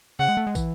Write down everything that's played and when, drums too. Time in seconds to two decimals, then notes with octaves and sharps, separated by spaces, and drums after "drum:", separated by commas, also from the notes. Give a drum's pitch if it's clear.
0.19 C#3 F#5
0.28 G#3
0.37 A3
0.47 G#3
0.55 E3, drum: kick, tambourine